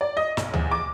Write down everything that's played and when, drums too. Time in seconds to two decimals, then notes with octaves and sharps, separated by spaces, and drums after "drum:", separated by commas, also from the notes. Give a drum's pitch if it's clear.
0.01 D5
0.17 D#5
0.37 B1, drum: snare
0.54 E2, drum: tom D2
0.71 D6